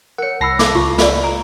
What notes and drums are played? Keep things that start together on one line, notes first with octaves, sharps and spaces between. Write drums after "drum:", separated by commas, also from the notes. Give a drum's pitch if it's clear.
A#4 C#5 F#5 C#7
C2 A5 B5 E6 A#6 C7
D6, drum: snare
C#2 F4 C#6
D5 D#5 B5, drum: snare
A#5 D7